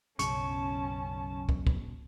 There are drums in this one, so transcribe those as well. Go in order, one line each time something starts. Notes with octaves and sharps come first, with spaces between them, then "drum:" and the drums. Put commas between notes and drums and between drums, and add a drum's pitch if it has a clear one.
B1 F#2 C#3 C#4 A5 C#6, drum: hi-hat
drum: kick
drum: kick